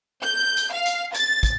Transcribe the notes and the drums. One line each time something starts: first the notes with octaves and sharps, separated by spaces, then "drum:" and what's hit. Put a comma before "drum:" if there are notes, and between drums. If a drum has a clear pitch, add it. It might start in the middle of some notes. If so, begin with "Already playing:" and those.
G6
drum: hi-hat
F5
drum: hi-hat
A6, drum: hi-hat
drum: kick, hi-hat